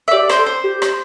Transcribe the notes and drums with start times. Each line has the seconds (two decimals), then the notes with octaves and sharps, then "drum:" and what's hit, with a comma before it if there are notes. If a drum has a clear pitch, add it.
0.08 E5
0.11 G4 D5
0.29 C5, drum: rim click
0.38 A4
0.46 C5
0.64 G4
0.82 drum: rim click